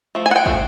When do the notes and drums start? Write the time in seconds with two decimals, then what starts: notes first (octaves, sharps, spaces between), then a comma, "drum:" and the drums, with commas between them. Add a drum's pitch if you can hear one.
0.15 F3 A3
0.26 G#5
0.31 F#5
0.36 G5
0.46 F3 A3, drum: kick